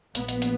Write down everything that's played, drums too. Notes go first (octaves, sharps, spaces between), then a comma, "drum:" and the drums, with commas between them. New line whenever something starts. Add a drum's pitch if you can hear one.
A#1 A#2 B3, drum: hi-hat
drum: hi-hat
drum: hi-hat